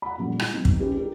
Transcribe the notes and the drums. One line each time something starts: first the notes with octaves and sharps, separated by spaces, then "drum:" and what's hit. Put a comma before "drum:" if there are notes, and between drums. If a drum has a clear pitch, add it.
F#5 B5
A#2 D3 F3 G3 C#4 F#4
G#3 F4, drum: rim click
F#3 B3 C4 D#4
drum: kick
C#4 D#4 F4 G4 G#4 B4
D4 F4 G4 G#4 A#4